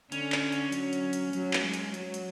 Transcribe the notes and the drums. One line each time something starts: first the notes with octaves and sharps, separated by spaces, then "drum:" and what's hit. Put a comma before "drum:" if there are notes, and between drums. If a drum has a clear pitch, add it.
D3 C#4, drum: hi-hat
drum: clap
drum: hi-hat
F#3, drum: hi-hat
drum: hi-hat
drum: hi-hat
F#3, drum: hi-hat
drum: clap
G#3
drum: hi-hat
F#3, drum: hi-hat
drum: hi-hat